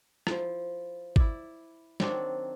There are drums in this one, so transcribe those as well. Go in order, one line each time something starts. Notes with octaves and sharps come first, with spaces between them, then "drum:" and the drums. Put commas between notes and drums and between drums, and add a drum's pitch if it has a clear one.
F3 E4, drum: rim click
E4 D5, drum: kick G#1
D#3 F#3 C4 D4, drum: snare